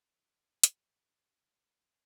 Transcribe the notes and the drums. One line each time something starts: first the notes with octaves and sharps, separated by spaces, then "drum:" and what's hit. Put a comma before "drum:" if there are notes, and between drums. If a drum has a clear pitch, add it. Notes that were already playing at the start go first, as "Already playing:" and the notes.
F2 D#4
G2
drum: hi-hat
D2
E2